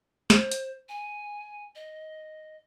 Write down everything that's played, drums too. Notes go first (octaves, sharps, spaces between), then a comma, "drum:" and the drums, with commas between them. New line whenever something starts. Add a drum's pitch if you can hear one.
C5, drum: snare
drum: hi-hat
G#5
D#5